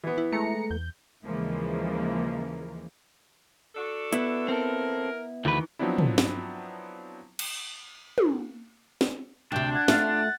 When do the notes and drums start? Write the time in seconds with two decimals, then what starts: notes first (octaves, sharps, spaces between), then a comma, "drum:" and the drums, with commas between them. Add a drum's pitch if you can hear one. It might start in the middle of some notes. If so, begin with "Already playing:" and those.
0.04 E3 B3
0.18 E4
0.32 G#3 A3 A#5 C#7
0.70 E2 G6
1.25 D#2 C#3 E3 F3 G#3 A#3
3.75 D4 F#4 A4
4.13 B3 E4, drum: hi-hat
4.48 C4 A4 A#4
5.45 D2 D#3 E3 B4
5.79 F3 F#3 B3 C4 D4 E4
5.98 drum: tom
6.18 drum: snare
7.39 drum: cymbal
8.18 drum: tom
9.01 drum: snare
9.52 D2 C3 D4 G5
9.75 F#5 G#6
9.88 A3 F4 A6, drum: snare